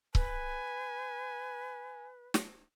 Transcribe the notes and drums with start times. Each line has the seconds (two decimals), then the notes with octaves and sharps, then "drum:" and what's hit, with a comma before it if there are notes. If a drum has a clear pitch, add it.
0.15 B4 G#5, drum: kick C#1
2.34 drum: snare